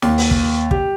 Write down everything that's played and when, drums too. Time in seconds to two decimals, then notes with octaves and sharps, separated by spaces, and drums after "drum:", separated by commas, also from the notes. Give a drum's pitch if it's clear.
0.02 D#2, drum: snare
0.18 drum: open hi-hat
0.31 drum: kick
0.71 G4, drum: kick